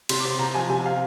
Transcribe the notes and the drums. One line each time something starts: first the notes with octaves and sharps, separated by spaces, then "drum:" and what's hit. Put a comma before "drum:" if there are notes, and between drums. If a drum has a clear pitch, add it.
C3 C6, drum: cymbal
D6
C4
C6
C3 A#5
F3 G#5
C3 G#5
C4 F5